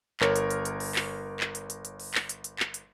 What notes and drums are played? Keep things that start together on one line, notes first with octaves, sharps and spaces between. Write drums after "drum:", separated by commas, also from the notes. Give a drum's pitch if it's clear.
G1 A#4 C#5, drum: clap
drum: hi-hat
drum: hi-hat
drum: hi-hat
drum: open hi-hat
drum: clap
drum: clap
drum: hi-hat
drum: hi-hat
drum: hi-hat
drum: open hi-hat
drum: clap
drum: hi-hat
drum: hi-hat
drum: clap
drum: hi-hat